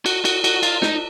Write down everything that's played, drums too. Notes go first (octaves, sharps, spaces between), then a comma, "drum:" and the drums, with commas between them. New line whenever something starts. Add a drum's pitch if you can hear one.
F#4, drum: cymbal
F#4, drum: cymbal
F#4, drum: cymbal
F4, drum: cymbal
D#4, drum: snare